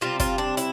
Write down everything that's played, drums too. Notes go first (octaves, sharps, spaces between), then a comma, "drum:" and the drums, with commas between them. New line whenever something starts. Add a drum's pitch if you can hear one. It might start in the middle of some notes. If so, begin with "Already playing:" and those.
C3 G3 C4 F4
F4, drum: kick, hi-hat
D4
E4, drum: hi-hat